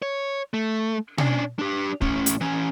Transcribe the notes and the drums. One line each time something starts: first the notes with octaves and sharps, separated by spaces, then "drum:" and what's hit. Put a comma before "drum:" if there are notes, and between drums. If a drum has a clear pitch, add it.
C#5
A3
C#4 D4, drum: tom B2
D4 G4
A2 C#4, drum: kick
drum: hi-hat
E3 C#4